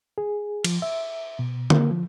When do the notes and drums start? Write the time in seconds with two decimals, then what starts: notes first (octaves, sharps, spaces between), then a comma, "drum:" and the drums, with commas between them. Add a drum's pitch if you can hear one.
0.18 G#4
0.64 F3, drum: cymbal
0.82 E5
1.39 B2
1.70 A#3, drum: tom D3
1.91 F3